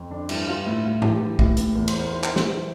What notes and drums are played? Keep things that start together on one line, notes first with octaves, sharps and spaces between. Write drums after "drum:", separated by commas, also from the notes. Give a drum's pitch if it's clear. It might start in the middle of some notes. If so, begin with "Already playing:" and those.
Already playing: F2
D3 D4
G2 E4, drum: cymbal
G2 F4
A2 E4
A2 F4
E3 G4, drum: tom G#2
E3
A2, drum: kick
A2, drum: hi-hat
E2 A#4
C5, drum: cymbal
E2
A#4
E3 C5
A#4, drum: clap
E3
C5, drum: snare
E3 C5